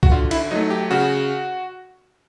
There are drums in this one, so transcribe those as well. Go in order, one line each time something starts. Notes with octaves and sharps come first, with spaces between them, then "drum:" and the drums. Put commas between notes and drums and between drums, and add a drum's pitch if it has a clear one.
F#4, drum: kick B1
D3 F4
E4, drum: cymbal
F#3 A3 D#4
G4
C#3 F#4